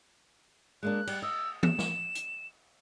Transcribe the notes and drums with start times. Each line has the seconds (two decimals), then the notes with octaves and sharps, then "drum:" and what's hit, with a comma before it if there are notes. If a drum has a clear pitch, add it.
0.83 G#3 A#3 D4 F#6
1.07 G3, drum: cymbal
1.22 D#5 E6
1.63 E7, drum: tom E3
1.79 drum: snare
2.15 drum: hi-hat